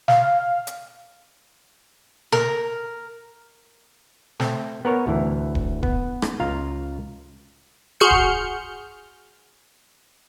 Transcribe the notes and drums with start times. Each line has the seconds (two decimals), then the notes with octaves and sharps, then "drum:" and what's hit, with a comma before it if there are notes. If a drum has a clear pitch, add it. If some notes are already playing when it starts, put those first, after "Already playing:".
0.08 F5, drum: snare
0.67 drum: hi-hat
2.32 A#4, drum: snare
4.40 A3 C4, drum: snare
4.85 B3 A#4 C#5
5.07 D2 A2 E3
5.55 drum: kick D#1
5.83 B3, drum: kick D#1
6.22 drum: rim click
6.40 C#2 F4 F5 A#5
8.00 F#4 G#4 C6 F6 G6 C#7
8.11 drum: kick D#1